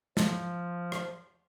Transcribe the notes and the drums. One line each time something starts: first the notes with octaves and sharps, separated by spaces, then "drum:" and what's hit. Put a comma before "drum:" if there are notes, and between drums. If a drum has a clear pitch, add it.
F3, drum: snare
drum: rim click